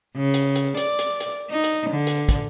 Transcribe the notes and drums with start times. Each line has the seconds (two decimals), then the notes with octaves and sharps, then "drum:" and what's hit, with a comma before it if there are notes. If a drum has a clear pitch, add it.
0.16 C#3
0.34 drum: hi-hat
0.56 drum: hi-hat
0.77 D5, drum: hi-hat
0.99 drum: hi-hat
1.20 drum: hi-hat
1.50 D#4
1.64 drum: hi-hat
1.90 D3
2.07 drum: hi-hat
2.28 drum: kick, hi-hat